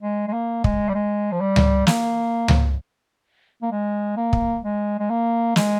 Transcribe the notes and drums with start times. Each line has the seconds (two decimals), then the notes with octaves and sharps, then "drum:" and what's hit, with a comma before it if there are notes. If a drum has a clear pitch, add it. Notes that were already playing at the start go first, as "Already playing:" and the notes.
0.02 G#3
0.28 G#3
0.33 A#3
0.64 G#3, drum: kick
0.89 G3
0.94 G#3
1.32 F3
1.40 G3
1.56 drum: tom C#2
1.87 A#3, drum: snare
2.48 drum: tom C#2
3.62 A#3
3.72 G#3
4.17 A#3
4.33 drum: kick
4.64 G#3
4.99 G#3
5.10 A#3
5.56 G#3, drum: snare